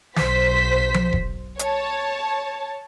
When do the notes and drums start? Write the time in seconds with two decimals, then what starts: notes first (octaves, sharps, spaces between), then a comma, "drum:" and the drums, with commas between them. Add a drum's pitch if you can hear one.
0.16 B1 C5 B6, drum: snare
0.94 drum: tom F3
1.13 drum: kick E1
1.59 C#5 A5, drum: hi-hat